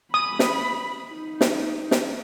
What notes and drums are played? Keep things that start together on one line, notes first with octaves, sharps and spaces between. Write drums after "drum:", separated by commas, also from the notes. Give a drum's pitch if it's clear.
B5 D#6
drum: snare
D#4
drum: snare
drum: snare